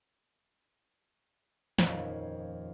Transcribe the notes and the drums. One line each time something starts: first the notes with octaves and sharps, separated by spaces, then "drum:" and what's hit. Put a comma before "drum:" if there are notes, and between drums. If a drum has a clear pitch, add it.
D#1 F2 C#4, drum: snare